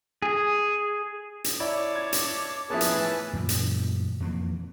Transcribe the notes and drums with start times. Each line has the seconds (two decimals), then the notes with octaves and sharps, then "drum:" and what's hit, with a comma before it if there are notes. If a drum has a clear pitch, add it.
0.22 G#4
1.44 drum: hi-hat
1.60 E4 C#5 D5 A5 D6
1.95 G#6
2.13 drum: hi-hat
2.70 F3 A#3 B3 C#4 E4 G#4 B4 A5
2.81 drum: hi-hat
2.92 A2 E3
3.33 F#2 A#2 E3 A3
3.49 drum: hi-hat
4.20 F2 E3 A#3